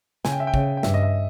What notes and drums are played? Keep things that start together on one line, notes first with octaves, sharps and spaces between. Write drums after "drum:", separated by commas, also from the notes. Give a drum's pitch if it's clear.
C#3 G#5, drum: snare
G5
E5
G5
C#3, drum: kick
G5
G2 E5, drum: snare
D#5
E5